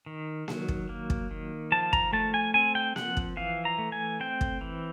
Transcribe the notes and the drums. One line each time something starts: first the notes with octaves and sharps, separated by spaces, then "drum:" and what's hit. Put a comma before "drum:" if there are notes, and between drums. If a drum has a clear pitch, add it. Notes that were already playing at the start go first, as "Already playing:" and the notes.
D#3
F#3, drum: snare A#3
drum: kick
A#3
drum: kick
D#3
F3 A5
A#5, drum: kick
A3 A5
G#5
C4 G#5
G5
F3 F#5, drum: snare A#3
drum: kick
E3 F5
A#5
A3
G#5
C4 G5
drum: kick
E3